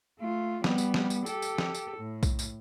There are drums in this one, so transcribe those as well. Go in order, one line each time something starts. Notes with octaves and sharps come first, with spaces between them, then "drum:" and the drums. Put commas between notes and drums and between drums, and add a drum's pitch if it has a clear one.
A3 F4
G3 B3, drum: snare
drum: tambourine
drum: snare
drum: tambourine
G4 A4, drum: tambourine
drum: tambourine
drum: snare
drum: tambourine
A2
drum: kick B1, tambourine
drum: tambourine